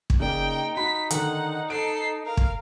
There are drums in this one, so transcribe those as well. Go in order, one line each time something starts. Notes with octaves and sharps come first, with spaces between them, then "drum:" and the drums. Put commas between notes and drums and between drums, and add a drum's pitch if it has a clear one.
drum: kick
C#3 A#3 D#4 D5 G5
F#4 B5 B6
D3 D#3 F#5, drum: hi-hat
A4 C7 D7
A#4 F5
drum: kick